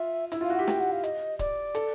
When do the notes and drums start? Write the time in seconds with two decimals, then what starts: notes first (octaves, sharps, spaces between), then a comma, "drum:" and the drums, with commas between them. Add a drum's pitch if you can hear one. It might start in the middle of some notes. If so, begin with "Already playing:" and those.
Already playing: F4 E5
0.32 E4 E5, drum: hi-hat
0.41 F4 F5
0.50 F#4
0.56 G4 F#5
0.67 G5, drum: snare
0.80 F#5
0.92 F5
1.04 D#5, drum: hi-hat
1.39 D5, drum: kick D1, hi-hat
1.75 A4, drum: hi-hat